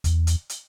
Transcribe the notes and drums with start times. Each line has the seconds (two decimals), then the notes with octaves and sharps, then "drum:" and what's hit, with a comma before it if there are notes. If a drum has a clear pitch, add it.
0.04 E2, drum: kick, hi-hat
0.27 drum: hi-hat
0.49 drum: hi-hat